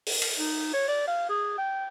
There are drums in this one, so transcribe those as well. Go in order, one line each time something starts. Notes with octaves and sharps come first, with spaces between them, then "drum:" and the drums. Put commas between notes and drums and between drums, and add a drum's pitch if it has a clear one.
drum: open hi-hat
drum: cymbal
D#4
C#5
D5
F5
G#4
G5